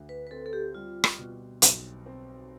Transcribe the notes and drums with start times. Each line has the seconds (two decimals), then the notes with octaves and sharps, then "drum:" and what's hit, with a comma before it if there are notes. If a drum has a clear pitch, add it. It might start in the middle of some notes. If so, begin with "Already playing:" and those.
Already playing: D2 D3
0.09 B4
0.27 B4
0.31 C4 A4
0.46 A4
0.53 G4
0.75 G3 F4
1.04 drum: rim click
1.18 B2
1.62 B1, drum: hi-hat
2.06 C4